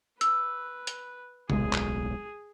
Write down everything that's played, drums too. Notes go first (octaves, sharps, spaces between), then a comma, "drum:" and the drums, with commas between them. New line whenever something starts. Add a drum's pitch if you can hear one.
B4 E6, drum: hi-hat
drum: hi-hat
D1 B1 G#3 G#4, drum: tom C3
drum: clap